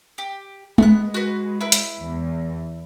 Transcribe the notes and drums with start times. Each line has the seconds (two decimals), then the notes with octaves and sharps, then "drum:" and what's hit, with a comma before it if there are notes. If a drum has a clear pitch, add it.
0.18 G4
0.78 G#3 B3 F#6, drum: tom G#3
1.14 F#4 B4
1.61 E4 B4
1.72 drum: hi-hat
2.00 E2